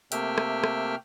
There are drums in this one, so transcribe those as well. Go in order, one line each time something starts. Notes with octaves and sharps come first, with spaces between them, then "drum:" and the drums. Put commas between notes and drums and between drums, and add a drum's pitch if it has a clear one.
C3 A3 A#3 E5 G5 F6, drum: hi-hat
drum: rim click
drum: rim click